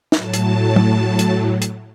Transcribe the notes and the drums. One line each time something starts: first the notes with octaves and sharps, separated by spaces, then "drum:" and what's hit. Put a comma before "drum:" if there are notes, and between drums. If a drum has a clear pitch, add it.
A2 F#3 A5, drum: snare
drum: hi-hat
drum: tom
drum: hi-hat
drum: hi-hat